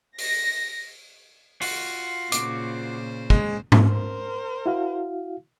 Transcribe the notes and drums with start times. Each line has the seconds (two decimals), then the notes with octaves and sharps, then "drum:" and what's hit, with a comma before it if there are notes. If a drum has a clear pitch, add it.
0.18 A#6, drum: open hi-hat
1.61 F4 F#4, drum: open hi-hat
2.32 A#2 C#3 C5 D6, drum: hi-hat
3.30 G#3, drum: kick
3.72 drum: tom G#2
3.84 A#4 C5
4.66 E4 F#4 F5